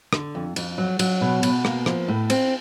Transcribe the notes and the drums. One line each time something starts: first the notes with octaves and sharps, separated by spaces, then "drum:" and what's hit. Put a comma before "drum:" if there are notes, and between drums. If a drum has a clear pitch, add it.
D3, drum: rim click
F2
F2, drum: cymbal
F#3
F#3, drum: cymbal
B2
B2, drum: cymbal
A#3, drum: rim click
F3, drum: rim click
A2
C4, drum: cymbal